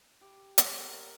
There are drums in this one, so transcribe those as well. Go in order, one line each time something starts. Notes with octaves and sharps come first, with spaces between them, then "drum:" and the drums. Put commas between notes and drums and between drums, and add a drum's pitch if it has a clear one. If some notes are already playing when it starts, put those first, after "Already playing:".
G4
drum: hi-hat
A#4